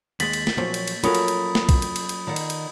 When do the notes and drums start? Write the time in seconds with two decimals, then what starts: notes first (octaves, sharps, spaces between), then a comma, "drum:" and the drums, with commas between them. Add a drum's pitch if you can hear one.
0.20 D#2 G#3 A6 B6 F#7, drum: cymbal
0.33 drum: cymbal
0.47 drum: snare
0.57 A#2 F3 F#3 A#3 C#5
0.74 drum: cymbal
0.88 drum: cymbal
1.04 F#3 C#4 F4 F#4 A4 A#4 B5 D#6, drum: cymbal
1.15 drum: cymbal
1.28 drum: cymbal
1.55 drum: snare
1.69 drum: kick, cymbal
1.82 drum: cymbal
1.96 drum: cymbal
2.09 drum: cymbal
2.27 D#3 D5 F#5
2.36 drum: cymbal
2.50 drum: cymbal